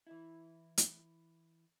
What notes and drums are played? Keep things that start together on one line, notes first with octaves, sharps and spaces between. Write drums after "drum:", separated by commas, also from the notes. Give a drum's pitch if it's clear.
E3 E4
drum: hi-hat